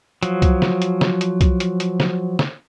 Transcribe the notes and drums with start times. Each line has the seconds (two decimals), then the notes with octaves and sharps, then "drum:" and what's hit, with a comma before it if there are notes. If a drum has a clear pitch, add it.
0.23 F3 F#3, drum: hi-hat
0.42 drum: kick, hi-hat
0.62 drum: snare
0.82 drum: hi-hat
1.01 drum: snare
1.21 drum: hi-hat
1.41 drum: kick, hi-hat
1.60 drum: hi-hat
1.80 drum: hi-hat
2.00 drum: snare
2.39 drum: snare